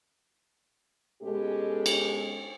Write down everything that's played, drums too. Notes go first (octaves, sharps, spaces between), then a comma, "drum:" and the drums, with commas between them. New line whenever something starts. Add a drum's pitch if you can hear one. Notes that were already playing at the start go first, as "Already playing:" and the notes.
B2 G#3 C#4 G4 A4
drum: cymbal